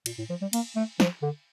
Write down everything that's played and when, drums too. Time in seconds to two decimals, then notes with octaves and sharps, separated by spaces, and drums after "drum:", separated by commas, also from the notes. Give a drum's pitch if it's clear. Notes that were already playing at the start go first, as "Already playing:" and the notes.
0.06 A#2, drum: cymbal
0.18 A2
0.30 F3
0.41 G3
0.53 A#3, drum: cymbal
0.76 A3
1.00 F3, drum: snare
1.22 D3